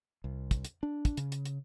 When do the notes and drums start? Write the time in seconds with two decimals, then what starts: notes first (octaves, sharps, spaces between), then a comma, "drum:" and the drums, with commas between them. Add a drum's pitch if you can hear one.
0.24 C2
0.51 drum: kick, hi-hat
0.65 drum: hi-hat
0.83 D4
1.05 drum: kick, hi-hat
1.17 C#3, drum: hi-hat
1.32 drum: hi-hat
1.45 drum: hi-hat